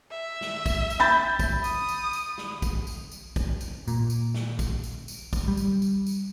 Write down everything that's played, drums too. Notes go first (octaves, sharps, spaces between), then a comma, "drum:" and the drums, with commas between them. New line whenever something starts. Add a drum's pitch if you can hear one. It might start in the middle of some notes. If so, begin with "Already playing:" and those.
E5
drum: snare
drum: kick, tambourine
drum: tambourine
B5 G6 A6
drum: kick, tambourine
D#6, drum: tambourine
drum: tambourine
drum: tambourine
drum: snare
drum: kick, tambourine
drum: tambourine
drum: tambourine
drum: kick, tambourine
drum: tambourine
A#2, drum: tambourine
drum: tambourine
drum: snare
drum: kick, tambourine
drum: tambourine
drum: tambourine
drum: kick, tambourine
G3
drum: tambourine
drum: tambourine
drum: tambourine